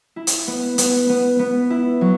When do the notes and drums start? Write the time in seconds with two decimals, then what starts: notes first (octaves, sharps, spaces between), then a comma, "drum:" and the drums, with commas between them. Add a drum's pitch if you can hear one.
0.16 E4
0.27 drum: hi-hat
0.47 B3
0.78 B3, drum: hi-hat
1.09 B3
1.39 B3
1.70 E4
2.01 F#3